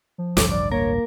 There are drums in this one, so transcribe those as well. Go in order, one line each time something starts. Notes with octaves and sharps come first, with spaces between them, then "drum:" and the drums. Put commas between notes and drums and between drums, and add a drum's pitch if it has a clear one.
F3
A1 D2 G2 A4 D6, drum: snare
D5
A#3 A#4 C#5